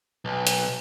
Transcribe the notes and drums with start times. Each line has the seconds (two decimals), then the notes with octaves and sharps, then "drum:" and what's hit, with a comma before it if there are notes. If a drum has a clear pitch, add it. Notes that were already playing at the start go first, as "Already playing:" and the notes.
0.25 B1
0.47 drum: hi-hat